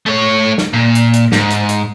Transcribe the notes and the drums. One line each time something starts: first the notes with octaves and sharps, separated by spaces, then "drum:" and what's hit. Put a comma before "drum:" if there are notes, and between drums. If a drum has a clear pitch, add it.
A3 C#5
drum: snare
A#2
drum: hi-hat
drum: hi-hat
G#2, drum: snare
drum: hi-hat
drum: hi-hat